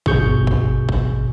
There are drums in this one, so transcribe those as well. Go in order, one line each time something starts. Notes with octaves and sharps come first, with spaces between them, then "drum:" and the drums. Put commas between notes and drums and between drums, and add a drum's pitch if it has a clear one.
G1 B2 G#4 C#6 G6, drum: kick
drum: kick
drum: kick